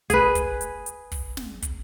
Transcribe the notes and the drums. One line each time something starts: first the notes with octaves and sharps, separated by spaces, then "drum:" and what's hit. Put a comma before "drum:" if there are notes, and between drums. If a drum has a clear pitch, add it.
G#4 B4, drum: kick, hi-hat
drum: kick, hi-hat
drum: hi-hat
drum: hi-hat
drum: kick, open hi-hat
drum: snare
drum: kick, hi-hat